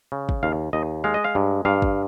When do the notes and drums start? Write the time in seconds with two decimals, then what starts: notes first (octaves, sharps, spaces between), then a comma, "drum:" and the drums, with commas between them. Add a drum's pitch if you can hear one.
0.12 C#3
0.29 drum: kick
0.43 D#2 F5
0.73 D#2 D#5
1.04 G#3 F5
1.14 D#5
1.24 F5
1.35 G2
1.65 G2 F5
1.82 drum: kick